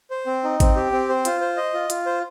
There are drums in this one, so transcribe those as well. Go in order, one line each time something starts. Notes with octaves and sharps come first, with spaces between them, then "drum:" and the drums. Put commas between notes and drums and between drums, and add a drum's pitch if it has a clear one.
C5
C4
D#4
C4, drum: kick G#1, hi-hat
G4
C4
C5
F4, drum: hi-hat
C5
D#5
F4
F4, drum: hi-hat
C5